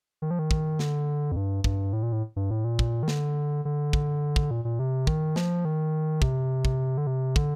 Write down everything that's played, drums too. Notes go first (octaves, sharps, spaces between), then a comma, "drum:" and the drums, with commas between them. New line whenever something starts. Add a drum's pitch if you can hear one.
D#3
F3
D#3
drum: kick
D3, drum: snare
F2
G2
G2, drum: kick
A2
A#2
A2
G2
A2
A#2
drum: kick
D#3
D3, drum: snare
D3
drum: kick
drum: kick
A#2
A#2
C3
D#3, drum: kick
F3, drum: snare
D#3
C3, drum: kick
drum: kick
D3
C3
D3, drum: kick